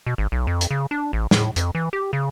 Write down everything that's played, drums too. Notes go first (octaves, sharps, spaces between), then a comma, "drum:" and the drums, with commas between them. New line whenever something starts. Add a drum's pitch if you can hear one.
B2
G#1
B1
F2
drum: hi-hat
C#3
D4
A1
A2, drum: snare
F2, drum: hi-hat
E3
G4
C#3